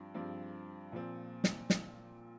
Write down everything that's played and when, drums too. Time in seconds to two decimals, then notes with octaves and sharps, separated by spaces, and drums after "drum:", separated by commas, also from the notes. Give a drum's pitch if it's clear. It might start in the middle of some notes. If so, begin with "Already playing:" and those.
Already playing: G2 F3 C4
0.14 G2 F3 C4
0.92 A#2 F3 C4
1.44 drum: snare
1.70 drum: snare